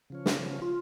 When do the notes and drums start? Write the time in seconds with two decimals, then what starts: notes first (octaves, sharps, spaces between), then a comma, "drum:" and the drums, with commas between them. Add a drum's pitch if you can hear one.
0.10 C#3 F3 C#4
0.26 drum: snare
0.62 F4